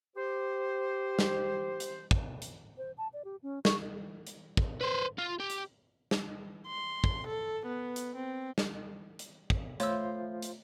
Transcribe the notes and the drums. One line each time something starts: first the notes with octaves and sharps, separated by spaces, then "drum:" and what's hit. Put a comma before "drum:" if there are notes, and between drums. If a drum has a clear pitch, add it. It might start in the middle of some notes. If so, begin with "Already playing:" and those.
G4 C5
drum: snare
drum: hi-hat
drum: kick
drum: hi-hat
C5
A5
D5
G4
C#4
C#6, drum: snare
drum: hi-hat
drum: kick
B4 C5
F4
G4
drum: hi-hat
drum: snare
C6
drum: kick
A4
B3
drum: hi-hat
C4
drum: snare
drum: hi-hat
drum: kick
A3 F4 C5 C#5 E6, drum: hi-hat
drum: hi-hat